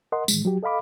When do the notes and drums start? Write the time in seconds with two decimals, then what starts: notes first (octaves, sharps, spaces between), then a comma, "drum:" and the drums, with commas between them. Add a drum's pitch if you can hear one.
0.12 A#4 D#5 F#5 C6
0.28 A2 D#3 E3 G#3, drum: tambourine
0.45 F#3 F#4 G4
0.63 A4 D#5 F5 B5 D6